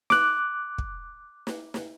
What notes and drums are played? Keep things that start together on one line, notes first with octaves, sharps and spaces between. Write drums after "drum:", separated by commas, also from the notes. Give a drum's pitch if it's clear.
D6 F#6, drum: snare
drum: kick
drum: snare
drum: snare